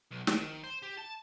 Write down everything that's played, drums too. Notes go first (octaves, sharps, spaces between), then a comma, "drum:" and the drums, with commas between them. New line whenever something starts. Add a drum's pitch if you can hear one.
B1
D#3, drum: snare
C5
G4
A5